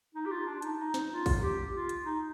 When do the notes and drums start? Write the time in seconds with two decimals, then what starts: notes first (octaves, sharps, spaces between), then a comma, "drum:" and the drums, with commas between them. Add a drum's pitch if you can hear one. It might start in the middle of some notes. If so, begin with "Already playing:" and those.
0.15 D#4
0.26 G4
0.31 F4
0.46 D4
0.62 D#4, drum: hi-hat
0.79 D#4
0.94 drum: snare
1.10 F4
1.26 drum: kick A1, open hi-hat
1.42 G4
1.74 F4
1.89 drum: hi-hat
2.05 D#4